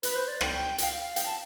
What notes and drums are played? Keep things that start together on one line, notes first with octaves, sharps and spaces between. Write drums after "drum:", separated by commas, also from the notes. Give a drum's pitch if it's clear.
B4, drum: hi-hat
C5
D5
G5, drum: rim click
G5, drum: hi-hat
F5
G5, drum: hi-hat
A5